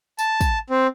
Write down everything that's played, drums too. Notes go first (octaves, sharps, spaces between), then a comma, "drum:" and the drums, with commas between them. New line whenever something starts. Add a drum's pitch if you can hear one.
A5, drum: tambourine
drum: kick, tambourine
C4